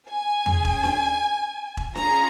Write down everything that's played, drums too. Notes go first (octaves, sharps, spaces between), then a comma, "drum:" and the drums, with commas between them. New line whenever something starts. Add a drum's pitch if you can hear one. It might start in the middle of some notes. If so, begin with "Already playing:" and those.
G#5
C#4 G#4, drum: tom E2
drum: kick E1
drum: snare D4
drum: kick E1
C#4 F4 G#4 A#5, drum: snare D4